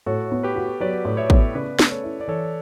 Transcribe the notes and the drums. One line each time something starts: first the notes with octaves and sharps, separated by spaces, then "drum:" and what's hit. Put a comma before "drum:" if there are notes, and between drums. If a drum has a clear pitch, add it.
A2 F#4 A4
B3
G4 B4
F#4
F#3 B4 D5
A2
C#5 E5
B3, drum: kick
C#3 B4 D5
A3, drum: snare
A4 C#5
E4
D5
E3 A4 C#5